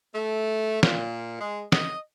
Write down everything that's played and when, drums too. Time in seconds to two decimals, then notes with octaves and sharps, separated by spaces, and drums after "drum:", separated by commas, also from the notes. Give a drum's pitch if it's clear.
0.15 A3
0.83 A#2, drum: snare
1.41 G#3
1.72 D#5, drum: snare